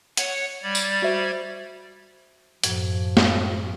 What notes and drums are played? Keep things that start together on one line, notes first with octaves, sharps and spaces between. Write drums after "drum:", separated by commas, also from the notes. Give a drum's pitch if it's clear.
C#5 F#5, drum: hi-hat
G3 D5 G#6
drum: tambourine
F#4 C5 E5
F#2 A2 F3 G#6, drum: hi-hat
drum: snare